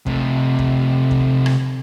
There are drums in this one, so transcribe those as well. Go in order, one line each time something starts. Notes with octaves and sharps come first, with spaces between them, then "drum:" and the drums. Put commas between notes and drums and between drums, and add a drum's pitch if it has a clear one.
C3 A3, drum: kick
drum: kick
drum: kick
drum: rim click